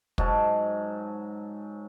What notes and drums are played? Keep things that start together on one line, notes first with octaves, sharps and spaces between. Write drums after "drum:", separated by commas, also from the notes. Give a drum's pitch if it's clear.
G#2 F#3 A5, drum: kick